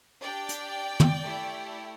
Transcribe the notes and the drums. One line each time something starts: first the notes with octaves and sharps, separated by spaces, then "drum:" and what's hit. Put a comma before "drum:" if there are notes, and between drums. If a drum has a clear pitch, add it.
D4 G4 D5 G5
drum: hi-hat
drum: tom
A3 E4 G4